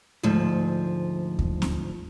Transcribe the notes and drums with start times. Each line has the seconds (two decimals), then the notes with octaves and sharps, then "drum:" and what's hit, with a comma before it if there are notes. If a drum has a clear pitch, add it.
0.23 D2 G#2 F3
1.39 drum: kick D#2
1.62 drum: snare